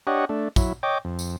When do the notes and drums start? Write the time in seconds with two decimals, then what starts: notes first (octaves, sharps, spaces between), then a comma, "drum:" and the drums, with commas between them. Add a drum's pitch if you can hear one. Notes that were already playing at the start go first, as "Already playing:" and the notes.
0.07 D4 G4 C#5 D#5 F#5
0.29 A3 D4
0.56 F#3 E4, drum: kick A#1, tambourine
0.83 C#5 D#5 G5 D6
1.05 F2
1.19 drum: tambourine